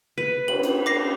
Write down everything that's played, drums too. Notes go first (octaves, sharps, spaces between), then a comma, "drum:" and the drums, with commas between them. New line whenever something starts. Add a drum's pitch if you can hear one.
B4
F#7, drum: cymbal
drum: hi-hat
D6 A#6 C7